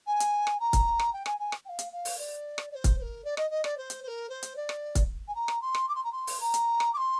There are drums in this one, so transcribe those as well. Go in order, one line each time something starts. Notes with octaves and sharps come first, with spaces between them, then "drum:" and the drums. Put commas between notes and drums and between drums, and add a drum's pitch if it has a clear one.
G#5
drum: hi-hat
drum: rim click
A#5
drum: kick, hi-hat
drum: rim click
G5
G#5, drum: rim click
G#5
drum: rim click
G5
F5
drum: hi-hat
F5
drum: open hi-hat
D5
drum: rim click
D5
C5
drum: kick, hi-hat
C5
A#4
D5
D#5, drum: rim click
D#5
D5, drum: rim click
C5
drum: hi-hat
C5
A#4
C5
drum: hi-hat
D5
drum: rim click
drum: kick, hi-hat
G#5
A#5
drum: rim click
C6
drum: rim click
D6
C6
A#5
C6
drum: open hi-hat
A#5
drum: hi-hat
drum: rim click
D6
C6